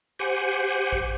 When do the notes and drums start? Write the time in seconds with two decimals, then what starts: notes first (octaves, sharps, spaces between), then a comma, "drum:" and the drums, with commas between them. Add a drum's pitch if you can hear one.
0.19 G4 C5 F#5 G#5
0.93 drum: kick A1